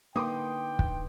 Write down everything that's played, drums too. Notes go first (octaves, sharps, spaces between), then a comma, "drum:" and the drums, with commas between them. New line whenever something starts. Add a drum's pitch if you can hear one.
D3 A#3 D#4 B4 G5 C6 D6 D#6
drum: kick